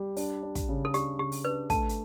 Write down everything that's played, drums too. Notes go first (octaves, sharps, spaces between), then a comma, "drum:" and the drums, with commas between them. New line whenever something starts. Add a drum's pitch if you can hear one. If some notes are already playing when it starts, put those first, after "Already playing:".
Already playing: G3
D4, drum: open hi-hat
D4
drum: kick, hi-hat
C#3
A4
D4 G4, drum: hi-hat
C#3 G4
drum: open hi-hat
D4 B4
A3 A5, drum: kick, hi-hat
drum: hi-hat